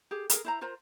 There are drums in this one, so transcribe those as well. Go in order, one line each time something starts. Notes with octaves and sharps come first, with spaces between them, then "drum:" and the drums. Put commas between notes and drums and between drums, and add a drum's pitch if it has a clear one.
G4 G#4
G#4 A#4, drum: hi-hat
E4 C5 A#5
F4 A#4 C5 A#5